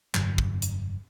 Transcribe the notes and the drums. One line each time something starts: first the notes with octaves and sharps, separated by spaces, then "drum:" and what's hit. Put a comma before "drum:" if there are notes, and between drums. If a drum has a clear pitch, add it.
F1 G2 D3 F#3, drum: clap
drum: kick
drum: hi-hat